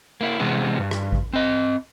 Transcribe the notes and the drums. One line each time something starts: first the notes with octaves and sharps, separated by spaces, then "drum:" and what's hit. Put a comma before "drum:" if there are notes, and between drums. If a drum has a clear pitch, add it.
A#3 E4
C3 E3 G#3 B3 C4
G2
drum: rim click
drum: kick A1
C4 D#5